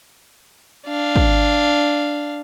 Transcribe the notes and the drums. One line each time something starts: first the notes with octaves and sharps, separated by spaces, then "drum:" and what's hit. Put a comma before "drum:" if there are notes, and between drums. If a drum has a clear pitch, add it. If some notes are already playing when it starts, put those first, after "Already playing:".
D4 F5
drum: kick